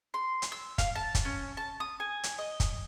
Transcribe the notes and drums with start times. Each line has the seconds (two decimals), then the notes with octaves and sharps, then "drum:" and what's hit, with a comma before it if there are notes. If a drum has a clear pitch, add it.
0.14 C6
0.42 drum: hi-hat
0.52 E6
0.78 F5, drum: kick, hi-hat
0.95 A5
1.15 drum: kick, hi-hat
1.25 C#4
1.57 A5
1.80 D#6
2.00 G#5
2.23 drum: hi-hat
2.39 D#5
2.60 drum: kick, hi-hat